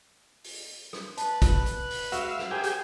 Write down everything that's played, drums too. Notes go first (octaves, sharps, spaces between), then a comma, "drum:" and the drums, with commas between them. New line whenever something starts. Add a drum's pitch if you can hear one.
drum: open hi-hat
drum: rim click
B4 A5, drum: hi-hat
drum: kick, hi-hat
drum: hi-hat
drum: open hi-hat
G#3 F#4 E5 F5, drum: hi-hat
drum: rim click
G4 G#4 A#4 C5
drum: hi-hat